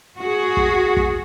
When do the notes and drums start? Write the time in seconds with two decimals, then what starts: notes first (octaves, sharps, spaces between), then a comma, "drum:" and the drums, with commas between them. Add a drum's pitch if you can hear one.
0.17 F#4 G#4
0.57 drum: kick
0.97 drum: kick